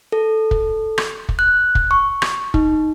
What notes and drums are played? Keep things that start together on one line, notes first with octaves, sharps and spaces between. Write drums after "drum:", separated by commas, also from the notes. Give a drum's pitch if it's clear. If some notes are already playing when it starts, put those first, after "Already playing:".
A4
drum: kick
drum: rim click
drum: kick
F#6
drum: kick
C#6
drum: rim click
D#4, drum: kick